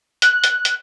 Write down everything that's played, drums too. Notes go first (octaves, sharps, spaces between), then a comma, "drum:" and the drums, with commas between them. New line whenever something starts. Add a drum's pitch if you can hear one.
F#6, drum: hi-hat
drum: hi-hat
drum: hi-hat